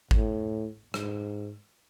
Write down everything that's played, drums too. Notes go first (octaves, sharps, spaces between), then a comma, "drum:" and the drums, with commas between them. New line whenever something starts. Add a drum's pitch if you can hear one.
A2, drum: kick G#1
G#2, drum: rim click